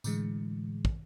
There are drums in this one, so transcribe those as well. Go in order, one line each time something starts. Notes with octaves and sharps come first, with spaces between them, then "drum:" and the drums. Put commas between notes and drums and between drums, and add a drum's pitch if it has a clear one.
A2 D3 E3 G#3, drum: tambourine
drum: kick